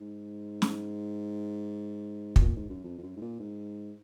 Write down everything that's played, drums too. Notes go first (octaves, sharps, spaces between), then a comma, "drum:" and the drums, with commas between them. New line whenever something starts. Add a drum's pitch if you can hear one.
G#2
drum: snare
B2, drum: kick
A#2
G#2
F#2
F2
F2
F#2
G#2
A#2
G#2